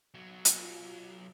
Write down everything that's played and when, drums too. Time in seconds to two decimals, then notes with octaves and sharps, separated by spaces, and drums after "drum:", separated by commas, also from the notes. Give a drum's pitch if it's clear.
0.14 B1 F#3
0.45 drum: hi-hat
0.57 F4